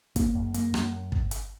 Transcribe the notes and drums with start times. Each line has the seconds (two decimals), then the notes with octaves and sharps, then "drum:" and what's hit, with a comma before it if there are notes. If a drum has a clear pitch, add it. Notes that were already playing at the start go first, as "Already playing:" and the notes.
0.16 A#3, drum: kick, hi-hat
0.35 F#2
0.54 A#3, drum: hi-hat
0.74 F#2, drum: rim click
1.12 drum: kick
1.31 drum: hi-hat